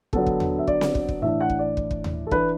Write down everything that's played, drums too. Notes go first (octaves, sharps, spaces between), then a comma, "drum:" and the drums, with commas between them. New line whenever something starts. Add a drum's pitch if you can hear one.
D3 F#3 B3 D4 A4, drum: kick
drum: kick
drum: tom D#2
E5
D5, drum: kick
drum: snare C4
drum: kick
drum: kick
A2 E3 D4 E5
F#5
drum: kick
D5
drum: kick
drum: kick
drum: tom D#2
A4
E3 D4 B4, drum: kick